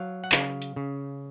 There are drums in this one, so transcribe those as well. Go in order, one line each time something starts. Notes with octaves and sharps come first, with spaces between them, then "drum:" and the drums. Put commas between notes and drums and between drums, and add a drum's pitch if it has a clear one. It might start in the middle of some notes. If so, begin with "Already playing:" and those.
Already playing: F#3 F5
F#5
C#3 F5, drum: clap
drum: hi-hat
C#3